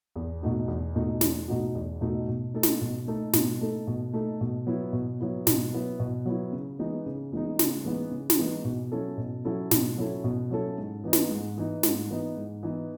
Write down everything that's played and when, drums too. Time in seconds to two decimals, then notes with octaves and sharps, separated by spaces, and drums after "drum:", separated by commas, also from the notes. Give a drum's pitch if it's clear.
0.16 E2
0.43 B2 A3 D#4 F#4
0.68 E2
0.95 B2 A3 D#4 F#4
1.21 E2, drum: snare
1.48 B2 A3 D#4 F#4
1.75 E2
2.01 B2 A3 D#4 F#4
2.28 B2
2.54 A3 D#4 A4
2.63 drum: snare
2.81 B2
3.08 A3 D#4 A4
3.33 B2, drum: snare
3.61 A3 D#4 A4
3.87 B2
4.14 A3 D#4 A4
4.41 B2
4.67 F#3 B3 E4
4.93 B2
5.20 F#3 B3 E4
5.47 B2, drum: snare
5.73 F#3 B3 E4
6.00 B2
6.26 F#3 B3 E4
6.52 C#3
6.79 E3 G#3 B3 D#4
7.06 C#3
7.32 E3 G#3 B3 D#4
7.59 C#3, drum: snare
7.85 E3 G#3 B3 D#4
8.11 C#3
8.30 drum: snare
8.39 E3 G#3 B3 D#4
8.65 B2
8.92 F#3 C#4 E4 A4
9.18 B2
9.45 F#3 C#4 E4 A4
9.71 B2, drum: snare
9.98 F#3 C#4 E4 A4
10.24 B2
10.50 F#3 C#4 E4 A4
10.78 G#2
11.04 E3 B3 D#4
11.13 drum: snare
11.31 G#2
11.58 E3 B3 D#4
11.83 G#2, drum: snare
12.10 E3 B3 D#4
12.37 G#2
12.63 E3 B3 D#4